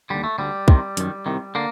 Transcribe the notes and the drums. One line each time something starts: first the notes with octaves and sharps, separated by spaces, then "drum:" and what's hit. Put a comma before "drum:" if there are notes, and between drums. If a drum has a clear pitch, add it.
D#2 D3 G3
A3
D2 D3 G3
C2 C3 D#3, drum: kick
F#2 D#3, drum: hi-hat
C2 C3 D#3
D3 A#3